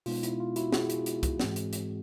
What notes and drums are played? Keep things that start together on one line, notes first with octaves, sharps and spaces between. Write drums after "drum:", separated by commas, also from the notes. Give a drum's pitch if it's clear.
B2 G#3 B3 D#4 F4, drum: open hi-hat
E4, drum: hi-hat
F4
E4 F#4, drum: hi-hat
F#4 G#4, drum: snare
drum: hi-hat
drum: hi-hat
drum: kick, hi-hat
G#2 E3 G#3 C4, drum: snare
drum: hi-hat
drum: hi-hat